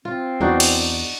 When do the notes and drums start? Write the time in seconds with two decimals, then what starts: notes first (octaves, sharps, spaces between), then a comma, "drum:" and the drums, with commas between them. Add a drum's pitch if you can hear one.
0.05 C4 F4
0.41 E2 D4 D#4 F#4
0.60 drum: cymbal